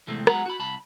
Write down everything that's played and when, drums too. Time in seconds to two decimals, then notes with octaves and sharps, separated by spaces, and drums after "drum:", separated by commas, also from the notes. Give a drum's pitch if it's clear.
0.07 E2 A2 C3 G#3 A3 C4
0.27 F#3 G#3 B3 F#5 A#5, drum: rim click
0.46 F#4 B5
0.59 C2 A5 B5